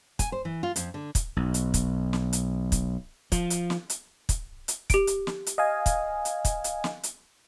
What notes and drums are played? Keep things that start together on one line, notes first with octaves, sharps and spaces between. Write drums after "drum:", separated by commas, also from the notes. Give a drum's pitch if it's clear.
G#5, drum: kick, hi-hat
C5
E3
F4
F2, drum: hi-hat
D3
drum: kick, hi-hat
B1
drum: hi-hat
drum: kick, hi-hat
drum: snare
drum: hi-hat
drum: kick, hi-hat
F3, drum: kick, hi-hat
drum: hi-hat
drum: snare
drum: hi-hat
drum: kick, hi-hat
drum: hi-hat
G4 D7, drum: kick, hi-hat
drum: hi-hat
drum: snare
drum: hi-hat
D#5 F5 G#5
drum: kick, hi-hat
drum: hi-hat
drum: kick, hi-hat
drum: hi-hat
drum: snare
drum: hi-hat